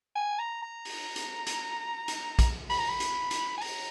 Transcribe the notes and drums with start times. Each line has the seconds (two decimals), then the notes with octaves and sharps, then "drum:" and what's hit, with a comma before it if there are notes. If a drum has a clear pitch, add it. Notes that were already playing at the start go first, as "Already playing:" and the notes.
0.16 G#5
0.39 A#5
0.62 A#5
0.85 drum: open hi-hat
1.16 drum: hi-hat
1.47 drum: hi-hat
2.08 drum: hi-hat
2.39 drum: kick A#1, hi-hat
2.70 B5, drum: open hi-hat
2.79 A#5
2.89 B5
3.00 drum: hi-hat
3.31 drum: hi-hat
3.57 G#5
3.61 A#5, drum: open hi-hat